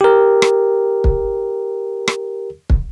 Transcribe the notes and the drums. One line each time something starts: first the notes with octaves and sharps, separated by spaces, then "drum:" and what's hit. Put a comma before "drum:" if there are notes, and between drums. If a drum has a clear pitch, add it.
G4 A#4
drum: rim click
drum: kick
drum: rim click
drum: kick